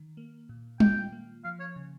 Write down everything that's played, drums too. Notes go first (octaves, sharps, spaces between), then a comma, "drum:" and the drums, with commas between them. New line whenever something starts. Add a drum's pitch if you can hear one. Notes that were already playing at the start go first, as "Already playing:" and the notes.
Already playing: D#3
A#3
A#2
F4 G5, drum: tom G3
A#3
F3 F5
C#5
C#3